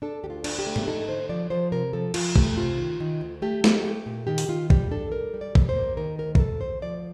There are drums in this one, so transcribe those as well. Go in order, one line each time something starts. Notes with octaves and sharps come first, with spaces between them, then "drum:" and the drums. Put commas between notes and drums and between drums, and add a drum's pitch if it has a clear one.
D4 A4
D2 G4
F4
D4, drum: cymbal
G4
A3
drum: tom G#2
D#4 A4
D3 C5
F3 D5
F3 C5
C3 A#4
F3 A4
F3 F4, drum: cymbal
A3 G4, drum: kick
C3 F4
D#3
D#3
D2
A3 G4
A3, drum: snare
A3 G4
A#2
D#3 G4
drum: open hi-hat
D#3 F4
G3 G4, drum: kick
D4 A4
G3 A#4
G3
D5
G3, drum: kick
C5
A#3
D#3 A#4
D2 A#4
A#4, drum: kick
D2 A4
D2 C5
F3 D5